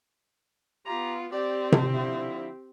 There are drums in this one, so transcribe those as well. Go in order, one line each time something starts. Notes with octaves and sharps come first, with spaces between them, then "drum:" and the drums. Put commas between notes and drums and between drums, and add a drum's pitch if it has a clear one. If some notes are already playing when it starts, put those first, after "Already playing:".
B3 F4 G4 A#5
C4 G4 D5
drum: tom C3
D3 F3 E4